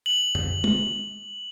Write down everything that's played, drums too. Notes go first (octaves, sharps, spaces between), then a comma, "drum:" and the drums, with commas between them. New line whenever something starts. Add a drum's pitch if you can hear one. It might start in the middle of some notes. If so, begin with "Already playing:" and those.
F#7
drum: tom F#2
drum: tom